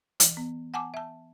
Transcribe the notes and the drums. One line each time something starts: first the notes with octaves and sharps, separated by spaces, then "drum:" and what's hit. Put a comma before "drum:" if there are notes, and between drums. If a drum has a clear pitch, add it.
E3, drum: hi-hat
B3
F#5 G#5 A5 D6
E5 A5